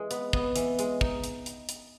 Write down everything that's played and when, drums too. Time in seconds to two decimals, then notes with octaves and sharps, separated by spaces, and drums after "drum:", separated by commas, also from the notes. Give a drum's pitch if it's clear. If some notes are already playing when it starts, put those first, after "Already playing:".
Already playing: E3 G#3
0.11 B3, drum: hi-hat
0.33 B3, drum: kick
0.56 E3, drum: hi-hat
0.79 G#3, drum: hi-hat
1.01 D#4, drum: kick
1.24 drum: hi-hat
1.46 drum: hi-hat
1.69 drum: hi-hat